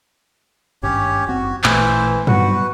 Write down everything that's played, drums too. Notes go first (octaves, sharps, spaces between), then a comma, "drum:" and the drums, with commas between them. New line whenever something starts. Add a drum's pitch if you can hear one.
G#1 G2 C#4 G4 C#5
F#1 C4 F#4
A1 A#2 E3 A3 C5, drum: clap
F#3 G3 B3 F#4 B4, drum: tom G2